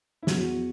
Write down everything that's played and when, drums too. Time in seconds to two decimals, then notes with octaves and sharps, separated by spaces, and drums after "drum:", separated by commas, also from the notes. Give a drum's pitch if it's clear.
0.23 E4
0.27 E2 F#4, drum: snare